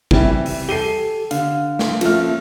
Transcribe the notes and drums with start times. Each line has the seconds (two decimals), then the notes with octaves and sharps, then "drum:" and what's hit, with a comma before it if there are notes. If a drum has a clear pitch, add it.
0.11 C#2 C3 E3 G3 E5, drum: kick G#1
0.46 drum: open hi-hat
0.69 G4 A4 C7 D#7 G7
1.31 D3 F5, drum: hi-hat
1.79 drum: snare
2.01 F3 A3 A#3 C#4 F4 F6, drum: cymbal